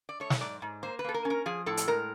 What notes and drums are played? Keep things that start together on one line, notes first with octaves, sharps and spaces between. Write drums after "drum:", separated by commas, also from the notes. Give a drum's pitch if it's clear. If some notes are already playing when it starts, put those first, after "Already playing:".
D5
A3 C#5
drum: snare
G#2 D5
G#2
A#3 C5
B4
A#3 A4
A#4
C#4
A#4
F3 G#4
A2 A4
drum: hi-hat
G#3 A#4